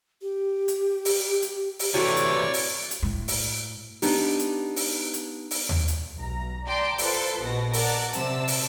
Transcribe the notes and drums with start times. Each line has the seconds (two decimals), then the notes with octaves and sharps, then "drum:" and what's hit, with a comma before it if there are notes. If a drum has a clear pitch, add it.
0.22 G4
0.68 drum: hi-hat
1.05 drum: open hi-hat
1.42 drum: hi-hat
1.79 drum: open hi-hat
1.94 C3 E3 F#4 A4 C#5 D5 C#6
2.16 drum: hi-hat
2.54 drum: open hi-hat
2.91 drum: hi-hat
3.03 A2
3.28 drum: open hi-hat
4.02 B3 D4 D#4 G4, drum: open hi-hat
4.39 drum: hi-hat
4.76 drum: open hi-hat
5.13 drum: hi-hat
5.51 drum: open hi-hat
5.69 drum: tom D#2
5.88 drum: hi-hat
6.18 B1 A#5
6.66 D5 G5 A5 A#5 C6 D6
6.98 F4 A4 B4 C5 C6, drum: open hi-hat
7.41 A#1 B2 A#6
7.73 A#4 D5 F#5 A5, drum: open hi-hat
8.13 C3 A5 E6, drum: hi-hat
8.48 drum: open hi-hat